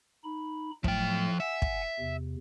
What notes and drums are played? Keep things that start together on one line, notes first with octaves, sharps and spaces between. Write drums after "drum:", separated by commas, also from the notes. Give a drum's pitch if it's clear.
D#4 B5
A2 F3 F#3 A3 G5, drum: kick
E5 F#5 G#5
drum: kick
E2 C3